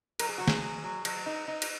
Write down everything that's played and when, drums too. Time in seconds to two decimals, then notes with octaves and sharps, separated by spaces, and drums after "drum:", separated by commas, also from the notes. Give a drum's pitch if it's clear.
0.19 F#3 A#4, drum: cymbal
0.29 G#4
0.38 F#3 F#4
0.48 G#4, drum: snare
0.62 F#3
0.84 F#3
1.05 F#3, drum: cymbal
1.26 D#4
1.48 D#4
1.62 drum: cymbal